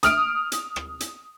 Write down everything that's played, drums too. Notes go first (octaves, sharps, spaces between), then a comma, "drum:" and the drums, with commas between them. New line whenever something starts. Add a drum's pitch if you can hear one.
D#6 F6 D7, drum: hi-hat
drum: hi-hat
drum: rim click
drum: hi-hat